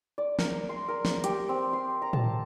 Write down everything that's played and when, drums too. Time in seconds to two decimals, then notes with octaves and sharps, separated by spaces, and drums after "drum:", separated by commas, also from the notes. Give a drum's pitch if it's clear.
0.18 D5
0.39 A#4, drum: snare
0.69 C6
0.88 A#4
1.05 drum: snare
1.24 G4, drum: hi-hat
1.49 C4
1.73 C6
2.02 A#5
2.13 A5, drum: tom A2